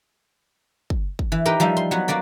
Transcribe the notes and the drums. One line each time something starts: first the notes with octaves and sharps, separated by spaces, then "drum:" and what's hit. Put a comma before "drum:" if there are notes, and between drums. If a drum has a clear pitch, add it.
drum: kick
drum: kick
E3
D#4 G4 A#4 B4
F3 G3 D#4 E5
C6
F#3 B3 F#4
A#3 F#4 D5 B5